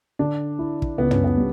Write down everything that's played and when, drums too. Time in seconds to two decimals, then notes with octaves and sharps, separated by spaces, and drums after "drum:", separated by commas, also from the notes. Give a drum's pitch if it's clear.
0.19 D3 D4
0.59 E4
0.82 drum: kick
0.98 C#2 B3
1.11 C#4, drum: tom
1.24 B3
1.37 G3